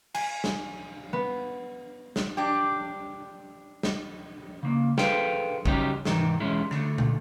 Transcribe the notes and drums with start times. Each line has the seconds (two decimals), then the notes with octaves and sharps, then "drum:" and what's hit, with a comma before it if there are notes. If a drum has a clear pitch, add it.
0.14 G#5, drum: cymbal
0.44 drum: snare
1.13 B3
2.16 drum: snare
2.37 D4 G4
3.83 drum: snare
4.63 C#3 A#3
4.98 G#4 A4 B4 C5 F5 G5, drum: snare
5.65 C#3 F#3 G3 C#4 D#4 G4, drum: kick
6.05 G#2 C3 D#3 E3, drum: snare
6.40 B1 E2 G#3 C#4 E4
6.71 D3 A3, drum: rim click
6.98 drum: tom